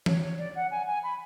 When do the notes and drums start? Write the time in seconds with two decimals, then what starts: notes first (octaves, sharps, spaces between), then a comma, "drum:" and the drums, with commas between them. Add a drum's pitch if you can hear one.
0.06 C#5, drum: tom E3
0.23 C#5
0.38 D5
0.56 F#5
0.71 G#5
0.87 G#5
1.03 B5